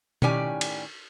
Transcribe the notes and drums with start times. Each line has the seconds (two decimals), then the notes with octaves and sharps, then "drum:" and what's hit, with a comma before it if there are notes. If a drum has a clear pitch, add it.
0.22 A2 D#3 C#4 G4 D5 G#5, drum: tom B2
0.61 drum: cymbal